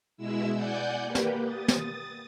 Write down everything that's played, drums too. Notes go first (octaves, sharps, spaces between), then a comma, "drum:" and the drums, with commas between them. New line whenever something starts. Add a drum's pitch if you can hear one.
B2 G#3 E4 E6
D5 F#5 G#5 G6
A#3 G4 B4
drum: snare
D#6 A6
drum: snare